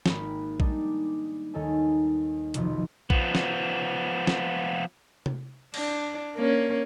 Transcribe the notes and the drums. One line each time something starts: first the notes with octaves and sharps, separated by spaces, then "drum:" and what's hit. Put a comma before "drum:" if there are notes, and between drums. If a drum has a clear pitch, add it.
G#1 A#3 A#4 G5 B5, drum: snare
G3 G#3 D4 D#4, drum: kick A#1
D#2 D#3 D#4 A4 C#5 G#5
F1 B1 D#3 F3, drum: hi-hat
F3 B3, drum: kick A#1
drum: snare
drum: snare
drum: tom C3
D4, drum: cymbal
A#3 C#4